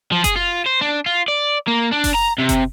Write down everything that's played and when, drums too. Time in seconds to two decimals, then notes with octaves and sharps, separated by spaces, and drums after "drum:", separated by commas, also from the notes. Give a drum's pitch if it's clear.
0.12 F3
0.24 G#4, drum: kick F#1, hi-hat
0.36 F4
0.66 C5
0.81 D4
1.06 F4
1.28 D5
1.67 A#3
1.92 D4
2.04 drum: kick F#1, open hi-hat
2.14 A#5
2.38 C3
2.49 drum: kick F#1, hi-hat